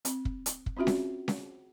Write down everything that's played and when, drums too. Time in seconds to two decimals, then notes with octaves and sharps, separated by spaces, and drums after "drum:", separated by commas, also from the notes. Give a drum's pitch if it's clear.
0.05 C4, drum: hi-hat
0.25 drum: kick
0.46 drum: hi-hat
0.66 drum: kick
0.77 C4 C#4 F4 F#4 E5
0.87 drum: snare C#4
1.28 drum: snare C#4